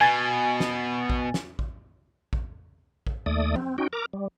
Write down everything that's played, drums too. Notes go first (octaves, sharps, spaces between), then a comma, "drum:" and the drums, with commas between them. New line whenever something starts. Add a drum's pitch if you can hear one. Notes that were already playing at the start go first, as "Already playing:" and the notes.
B2 G#5 A6
drum: snare
drum: kick A1
drum: snare
drum: kick A1
drum: kick A1
drum: kick A1
D#2 A3 D5 D#6
C4, drum: tom F3
C#4 D#4 F#4 G5
A#4 A#5 D6
G3